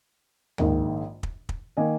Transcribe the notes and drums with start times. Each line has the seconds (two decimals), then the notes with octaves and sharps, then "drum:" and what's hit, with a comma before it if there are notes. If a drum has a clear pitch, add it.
0.58 A#1 G#2 D#3 A#4 D#5, drum: tom D2
1.23 drum: kick
1.49 drum: kick
1.77 D#3 A#3 D#5 G#5